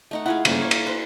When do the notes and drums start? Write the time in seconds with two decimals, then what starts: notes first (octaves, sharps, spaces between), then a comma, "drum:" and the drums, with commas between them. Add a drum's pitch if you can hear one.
0.11 A3 D#4 F#5
0.26 E4 F4 G#4 F5 F#5
0.45 G2 C#3 A#3, drum: cymbal
0.61 C#5
0.71 drum: cymbal
0.87 B4 C5